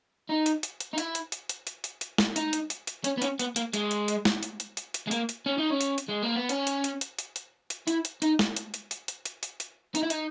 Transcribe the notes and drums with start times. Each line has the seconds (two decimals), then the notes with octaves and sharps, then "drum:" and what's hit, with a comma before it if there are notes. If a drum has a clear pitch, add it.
0.29 D#4
0.46 drum: hi-hat
0.63 drum: hi-hat
0.80 drum: hi-hat
0.94 D#4
0.98 E4, drum: hi-hat
1.15 drum: hi-hat
1.32 drum: hi-hat
1.49 drum: hi-hat
1.67 drum: hi-hat
1.84 drum: hi-hat
2.01 drum: hi-hat
2.18 drum: snare
2.36 D#4, drum: hi-hat
2.53 drum: hi-hat
2.70 drum: hi-hat
2.87 drum: hi-hat
3.04 C#4, drum: hi-hat
3.17 B3
3.22 C#4, drum: hi-hat
3.39 B3, drum: hi-hat
3.56 A#3, drum: hi-hat
3.74 G#3, drum: hi-hat
3.91 drum: hi-hat
4.08 drum: hi-hat
4.25 drum: snare
4.43 drum: hi-hat
4.60 drum: hi-hat
4.77 drum: hi-hat
4.94 drum: hi-hat
5.07 G#3
5.11 A#3, drum: hi-hat
5.29 drum: hi-hat
5.46 C#4
5.58 D#4
5.70 C#4
5.81 drum: hi-hat
5.98 drum: hi-hat
6.08 G#3
6.22 A#3
6.36 B3
6.49 C#4, drum: hi-hat
6.67 drum: hi-hat
6.84 drum: hi-hat
7.01 drum: hi-hat
7.19 drum: hi-hat
7.36 drum: hi-hat
7.70 drum: hi-hat
7.87 E4, drum: hi-hat
8.05 drum: hi-hat
8.22 D#4, drum: hi-hat
8.39 drum: snare
8.56 drum: hi-hat
8.74 drum: hi-hat
8.91 drum: hi-hat
9.08 drum: hi-hat
9.25 drum: hi-hat
9.43 drum: hi-hat
9.60 drum: hi-hat
9.95 D#4, drum: hi-hat
10.03 E4
10.10 D#4, drum: hi-hat